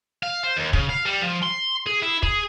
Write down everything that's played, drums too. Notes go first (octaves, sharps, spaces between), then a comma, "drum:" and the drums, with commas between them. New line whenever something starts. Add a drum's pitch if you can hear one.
F5
C5
D#2
C#3, drum: kick
F5
G3
F3
C6
G#4
E4
G#4, drum: kick